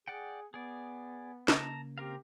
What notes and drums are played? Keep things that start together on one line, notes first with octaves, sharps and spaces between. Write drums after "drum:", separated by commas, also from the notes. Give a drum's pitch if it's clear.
G#4 D5 F#5 G5
B3 G#4 D5
C#3 A#3 A5 A#5, drum: snare
C4 G4 A#4 F5